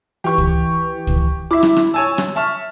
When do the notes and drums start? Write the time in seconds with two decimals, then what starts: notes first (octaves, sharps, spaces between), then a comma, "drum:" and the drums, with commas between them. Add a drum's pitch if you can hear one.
0.24 E3 G4 C#6
0.38 drum: kick
1.07 drum: kick
1.51 E4 E5 D6
1.63 drum: rim click
1.76 drum: rim click
1.94 C#5 G#5 A5 E6
2.18 drum: rim click
2.36 E5 A5 C#6 F6